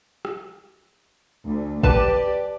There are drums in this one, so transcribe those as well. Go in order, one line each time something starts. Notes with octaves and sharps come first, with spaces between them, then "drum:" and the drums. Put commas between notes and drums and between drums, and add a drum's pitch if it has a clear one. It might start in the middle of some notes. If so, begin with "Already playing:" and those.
drum: rim click
D2
G4 B4 D5 A5, drum: kick